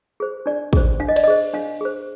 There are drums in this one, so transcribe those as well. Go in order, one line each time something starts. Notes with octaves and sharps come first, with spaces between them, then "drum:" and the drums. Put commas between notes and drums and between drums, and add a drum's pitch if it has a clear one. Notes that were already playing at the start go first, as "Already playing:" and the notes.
G#4 C5
D4 D5
G#4 C5, drum: kick
D4 F5
D#5
D5, drum: cymbal
D#5
G#4 C5
D4 F5
G#4 C5